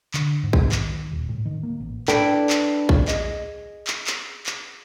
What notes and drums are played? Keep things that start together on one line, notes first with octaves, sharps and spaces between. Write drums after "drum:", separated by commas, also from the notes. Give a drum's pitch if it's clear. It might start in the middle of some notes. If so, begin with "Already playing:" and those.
D3, drum: clap
G#2
drum: kick
D#3, drum: clap
D#1
A2
D#3
A#3
A1
D4 E4 A4 B4 D5 G5, drum: clap
drum: clap
drum: kick
G#4 D#5, drum: clap
drum: clap
drum: clap
drum: clap